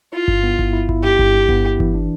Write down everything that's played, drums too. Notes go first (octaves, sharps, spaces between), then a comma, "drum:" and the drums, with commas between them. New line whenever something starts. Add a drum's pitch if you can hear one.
E4 F4
G2, drum: kick G1
B3
E4, drum: kick G1
E4
E4, drum: kick G1
G2 G4
G2, drum: kick G1
G2
B3, drum: kick G1
E4
E3, drum: kick G1
D4